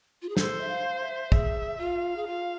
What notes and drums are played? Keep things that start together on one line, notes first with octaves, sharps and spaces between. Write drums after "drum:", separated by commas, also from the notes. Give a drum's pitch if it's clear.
F4
G#4
A4 C5, drum: snare
E5
F5
E5
G#4 E5, drum: kick
F4 F5
G#4
F4 F5